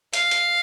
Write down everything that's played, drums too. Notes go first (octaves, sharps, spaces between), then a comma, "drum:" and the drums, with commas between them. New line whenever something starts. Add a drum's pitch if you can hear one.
F5, drum: hi-hat
drum: hi-hat